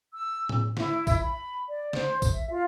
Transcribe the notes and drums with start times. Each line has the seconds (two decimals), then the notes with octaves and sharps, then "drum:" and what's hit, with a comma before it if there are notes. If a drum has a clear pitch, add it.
0.13 E6
0.49 drum: tom A2
0.77 E4, drum: snare
1.07 drum: kick, tambourine
1.20 B5
1.68 D5
1.93 C5, drum: snare
2.22 drum: kick, tambourine
2.31 E5
2.50 F4